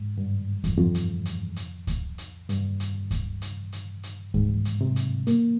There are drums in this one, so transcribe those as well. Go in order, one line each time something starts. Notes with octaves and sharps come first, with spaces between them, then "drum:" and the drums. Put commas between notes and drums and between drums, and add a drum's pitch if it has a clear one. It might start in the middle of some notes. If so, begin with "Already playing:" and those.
Already playing: G#2
G2
F2, drum: kick C#2, hi-hat
F2
drum: hi-hat
drum: hi-hat
drum: hi-hat
drum: kick C#2, hi-hat
drum: hi-hat
G2, drum: hi-hat
drum: hi-hat
drum: kick C#2, hi-hat
drum: hi-hat
drum: hi-hat
drum: hi-hat
G#2, drum: kick C#2
drum: hi-hat
C3
drum: hi-hat
A#3, drum: hi-hat